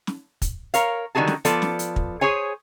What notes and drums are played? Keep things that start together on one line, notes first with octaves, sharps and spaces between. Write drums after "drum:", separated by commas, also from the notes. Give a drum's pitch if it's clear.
drum: snare
drum: kick, hi-hat
A#4 C#5 F5, drum: hi-hat
D3 D#3 G3 F#4 G#4 A5
drum: snare
F3 B3 A4 D5, drum: hi-hat
drum: snare
drum: hi-hat
drum: kick
G#4 C5 C#5 G#5